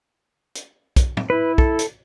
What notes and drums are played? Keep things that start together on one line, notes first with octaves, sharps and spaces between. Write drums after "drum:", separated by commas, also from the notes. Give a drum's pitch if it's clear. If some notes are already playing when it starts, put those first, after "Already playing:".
drum: hi-hat
drum: kick, hi-hat
drum: tom
E4 B4
A4, drum: kick
drum: hi-hat